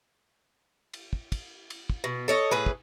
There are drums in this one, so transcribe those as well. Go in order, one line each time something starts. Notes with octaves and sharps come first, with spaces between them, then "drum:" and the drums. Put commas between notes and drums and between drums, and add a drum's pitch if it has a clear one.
drum: cymbal
drum: kick
drum: kick, cymbal
drum: cymbal
drum: kick
B2
A4 C#5 D#5
A2 G#4 B4
drum: kick